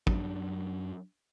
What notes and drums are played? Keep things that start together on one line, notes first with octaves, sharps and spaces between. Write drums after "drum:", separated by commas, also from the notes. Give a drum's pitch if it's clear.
F#2 F#3 D4, drum: kick